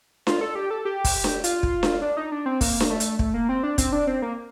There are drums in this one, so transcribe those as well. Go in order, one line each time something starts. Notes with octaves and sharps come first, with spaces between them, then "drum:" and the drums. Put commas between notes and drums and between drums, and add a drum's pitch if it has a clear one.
F4, drum: snare D4
A4
G4
A4
G4
drum: kick, open hi-hat
drum: snare D4
F4, drum: hi-hat
drum: kick
drum: snare D4
D4
D#4
D4
C4
A#3, drum: kick, open hi-hat
drum: snare D4
A3
drum: hi-hat
A3, drum: kick
A#3
C4
D4
C4, drum: kick, hi-hat
D4
C4
A#3